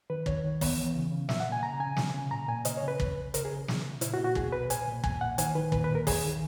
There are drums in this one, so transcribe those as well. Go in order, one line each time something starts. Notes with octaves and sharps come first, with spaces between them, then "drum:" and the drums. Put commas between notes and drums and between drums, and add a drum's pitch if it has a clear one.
D#3 B4
D#3 C#5, drum: kick
D#3
B3, drum: kick, open hi-hat
E3
C#3
C#3
A#2 E5, drum: snare
F#5
A#2
G#5
C#3 A#5
C#3 G#5
C#3, drum: snare
C#3
A#2 A#5
A#2 G#5
C#3 D#5, drum: hi-hat
C#5
C#3 B4
C#3, drum: kick
C#3
C#3 A#4, drum: hi-hat
G#4
C#3
C#3, drum: snare
C#3
A#2 E4, drum: hi-hat
F#4
A#2
F#4
B2 G#4, drum: kick
B2 B4
A#2 G#5, drum: hi-hat
A#2
A#2 G#5, drum: kick
A#2 F#5
D#3 G#5, drum: hi-hat
D#3 B4
A#2 B4, drum: kick
B4
A#2
A#4
D#3 G#4, drum: kick, open hi-hat
D#3